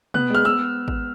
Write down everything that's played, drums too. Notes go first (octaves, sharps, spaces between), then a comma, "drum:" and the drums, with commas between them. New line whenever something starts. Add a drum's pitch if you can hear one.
B3 F#6, drum: tom
G#3 F6
B3 E6
drum: kick G#1